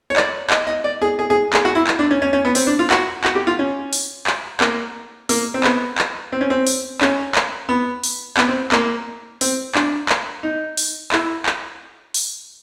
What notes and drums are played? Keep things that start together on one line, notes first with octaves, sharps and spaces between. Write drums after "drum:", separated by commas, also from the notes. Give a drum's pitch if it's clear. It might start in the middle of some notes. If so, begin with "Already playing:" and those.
C#5
D5, drum: clap
D#5, drum: clap
D#5
D5
G#4
G#4
G#4
G#4, drum: clap
F#4
E4
drum: clap
D4
C#4
C#4
C#4
B3
C4, drum: open hi-hat
D4
F4
F#4, drum: clap
F#4, drum: clap
G4
F4
C#4
drum: open hi-hat
drum: clap
A#3, drum: clap
A#3, drum: open hi-hat
C4
B3, drum: clap
drum: clap
C4
C#4
C4
drum: open hi-hat
C#4, drum: clap
drum: clap
B3
drum: open hi-hat
B3, drum: clap
C4
A#3, drum: clap
C4, drum: open hi-hat
D4, drum: clap
drum: clap
D#4
drum: open hi-hat
E4, drum: clap
drum: clap
drum: open hi-hat